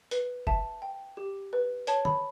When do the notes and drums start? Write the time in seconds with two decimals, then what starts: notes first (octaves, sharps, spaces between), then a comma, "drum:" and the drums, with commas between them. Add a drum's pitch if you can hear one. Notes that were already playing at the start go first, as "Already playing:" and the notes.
0.11 B4, drum: hi-hat
0.47 E5 A5, drum: kick F#1
0.82 G5
1.17 G4
1.53 B4
1.87 C#5 A5, drum: hi-hat
2.05 B5, drum: tom